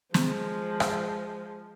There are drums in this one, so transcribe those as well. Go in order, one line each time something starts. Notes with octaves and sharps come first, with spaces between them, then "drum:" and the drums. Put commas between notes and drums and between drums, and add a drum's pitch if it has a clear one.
F3 G#3, drum: snare
drum: rim click